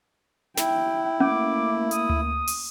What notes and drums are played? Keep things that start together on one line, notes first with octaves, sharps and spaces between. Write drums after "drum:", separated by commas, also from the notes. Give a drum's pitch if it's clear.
E4 G5, drum: snare
A3 A#3 C#4 D6
D#6, drum: hi-hat
drum: tom D2
drum: open hi-hat